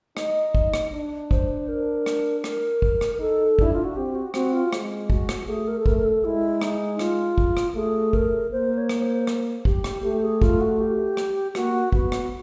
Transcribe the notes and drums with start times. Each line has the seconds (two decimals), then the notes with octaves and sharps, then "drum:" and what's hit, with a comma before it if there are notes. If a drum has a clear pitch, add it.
0.17 D#4 D#5, drum: rim click
0.55 drum: kick
0.74 drum: rim click
0.93 D4
1.31 C5, drum: kick
1.68 A#4
2.06 drum: rim click
2.44 A#4, drum: rim click
2.82 drum: kick
3.01 drum: rim click
3.15 A#4
3.20 D#4 A4
3.59 D4 E4, drum: kick
3.73 F4
3.84 F#4
3.96 C4 G4
4.15 F#4
4.34 C4 F#4, drum: rim click
4.53 F4
4.73 G#3, drum: rim click
5.10 F#4, drum: kick
5.29 drum: rim click
5.48 A3 G#4
5.67 A#4
5.79 A4
5.86 A3 A#4, drum: kick
5.97 A#4
6.05 A4
6.24 G#3 E4
6.62 D#4, drum: rim click
6.99 F4, drum: rim click
7.38 drum: kick
7.57 drum: rim click
7.75 A3 G#4
8.13 A#4, drum: kick
8.52 A#3 C5
8.77 C#5
8.89 drum: rim click
9.02 C5
9.27 drum: rim click
9.65 G4, drum: kick
9.84 drum: rim click
10.03 A3 G4
10.22 G#4
10.42 F4, drum: kick
10.60 F#4
10.79 G4
11.17 drum: rim click
11.55 A#3 F#4, drum: rim click
11.92 B3 F#4, drum: kick
12.12 drum: rim click